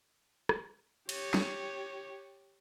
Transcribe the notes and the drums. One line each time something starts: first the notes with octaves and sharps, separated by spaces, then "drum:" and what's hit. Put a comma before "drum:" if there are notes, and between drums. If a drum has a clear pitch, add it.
drum: rim click
G4 C#5, drum: cymbal
drum: snare